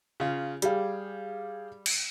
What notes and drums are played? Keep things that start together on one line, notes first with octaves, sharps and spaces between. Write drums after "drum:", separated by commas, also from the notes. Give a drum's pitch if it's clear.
C#3 F4
G3 G4 G#4 F5, drum: hi-hat
drum: cymbal